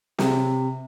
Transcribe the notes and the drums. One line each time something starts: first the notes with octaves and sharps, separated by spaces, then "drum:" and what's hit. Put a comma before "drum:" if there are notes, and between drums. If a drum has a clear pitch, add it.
C3, drum: snare